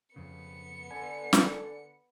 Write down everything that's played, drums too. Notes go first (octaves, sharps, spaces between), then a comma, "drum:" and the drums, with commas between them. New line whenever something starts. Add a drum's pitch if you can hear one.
F2 C#3 B3 C#7
D3 G#5
drum: snare